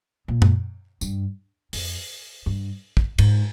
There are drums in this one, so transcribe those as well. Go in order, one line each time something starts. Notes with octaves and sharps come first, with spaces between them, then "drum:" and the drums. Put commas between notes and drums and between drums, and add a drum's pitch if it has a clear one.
A#2
drum: tom F#2
G2, drum: tambourine
F2, drum: open hi-hat
G2
drum: kick
G#2, drum: cymbal